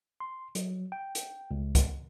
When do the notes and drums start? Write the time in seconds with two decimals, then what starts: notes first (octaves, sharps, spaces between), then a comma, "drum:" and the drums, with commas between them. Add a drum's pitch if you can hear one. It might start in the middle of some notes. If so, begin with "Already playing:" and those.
0.20 C6
0.55 F#3, drum: hi-hat
0.92 G5
1.15 drum: hi-hat
1.51 C#2
1.75 drum: kick, hi-hat